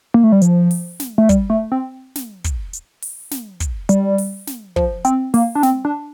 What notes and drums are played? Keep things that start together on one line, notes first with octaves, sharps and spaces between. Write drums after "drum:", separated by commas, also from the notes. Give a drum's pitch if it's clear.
A#3
A3
G3
F3, drum: hi-hat
drum: open hi-hat
drum: snare
A3
G3, drum: kick, hi-hat
A3
C4
drum: snare
drum: kick, hi-hat
drum: hi-hat
drum: open hi-hat
drum: snare
drum: kick, hi-hat
G3, drum: hi-hat
drum: open hi-hat
drum: snare
F3, drum: kick
C4, drum: hi-hat
A#3, drum: open hi-hat
D4
C4, drum: snare
D4